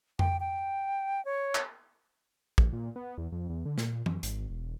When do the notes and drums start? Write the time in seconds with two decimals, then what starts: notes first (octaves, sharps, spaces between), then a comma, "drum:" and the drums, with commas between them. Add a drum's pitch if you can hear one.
0.19 G5, drum: tom F2
0.40 G5
1.25 C#5
1.55 drum: clap
2.58 A#1, drum: kick
2.73 A#2
2.96 B3
3.18 E2
3.32 F2
3.49 E2
3.66 D3
3.78 A#2, drum: snare
4.06 F#2, drum: tom E3
4.23 G#1, drum: hi-hat
4.50 E1